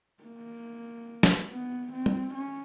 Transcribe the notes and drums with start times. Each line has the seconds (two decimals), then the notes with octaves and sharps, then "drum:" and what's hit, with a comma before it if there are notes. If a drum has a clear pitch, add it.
0.23 A#3
1.23 drum: snare
1.50 B3
1.92 C4
2.06 drum: tom
2.34 C#4